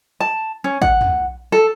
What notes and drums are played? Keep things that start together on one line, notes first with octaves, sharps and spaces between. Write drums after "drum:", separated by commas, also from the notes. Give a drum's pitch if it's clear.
A5
C#4
F#5, drum: kick
drum: tom
A4